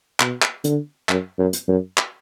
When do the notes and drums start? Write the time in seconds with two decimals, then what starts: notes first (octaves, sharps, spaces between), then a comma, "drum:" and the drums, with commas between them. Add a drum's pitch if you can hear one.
0.20 B2, drum: clap
0.42 drum: clap
0.64 D3, drum: hi-hat
1.09 F#2, drum: clap
1.39 F#2
1.53 drum: hi-hat
1.68 F#2
1.98 drum: clap